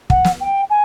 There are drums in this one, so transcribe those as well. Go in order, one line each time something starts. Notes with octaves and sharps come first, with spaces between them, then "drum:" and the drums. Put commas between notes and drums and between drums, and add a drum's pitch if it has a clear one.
F#5, drum: kick
drum: snare
G5
G#5